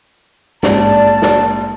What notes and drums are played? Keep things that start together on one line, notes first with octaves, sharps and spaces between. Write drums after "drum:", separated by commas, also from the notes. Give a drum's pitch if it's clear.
A#1 G#2 D5 A5, drum: snare
drum: snare